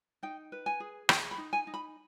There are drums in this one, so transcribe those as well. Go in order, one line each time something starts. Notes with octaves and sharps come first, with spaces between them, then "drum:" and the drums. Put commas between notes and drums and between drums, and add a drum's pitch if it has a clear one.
D#4 G5
B4
G#5
G#4
G#4 G5, drum: rim click
B5
D#4
G#5
D#4
B5